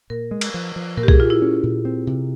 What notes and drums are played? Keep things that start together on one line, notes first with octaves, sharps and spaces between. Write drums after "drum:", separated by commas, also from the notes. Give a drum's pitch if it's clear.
A#2 A#4
G#3
drum: cymbal
F3
F3
A#2 A#4
G4
G#4, drum: kick B1
A#2 F4
E4
C#4
A#2
C4
C3